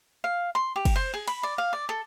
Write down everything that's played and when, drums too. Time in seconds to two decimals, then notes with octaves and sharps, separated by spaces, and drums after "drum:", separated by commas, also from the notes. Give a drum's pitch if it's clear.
0.24 F5
0.55 C6
0.76 G4
0.85 drum: kick, cymbal
0.96 C5
1.14 G#4
1.28 B5, drum: cymbal
1.43 D5
1.58 F5
1.73 D5
1.89 A4